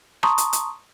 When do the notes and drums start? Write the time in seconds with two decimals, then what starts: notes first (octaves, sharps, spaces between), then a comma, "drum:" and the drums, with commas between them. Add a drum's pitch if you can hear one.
0.23 A5 A#5 C6 C#6 D#6, drum: rim click
0.38 drum: hi-hat
0.53 drum: hi-hat